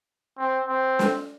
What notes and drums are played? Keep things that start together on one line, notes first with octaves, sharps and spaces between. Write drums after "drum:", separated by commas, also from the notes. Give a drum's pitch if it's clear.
C4
C4
drum: snare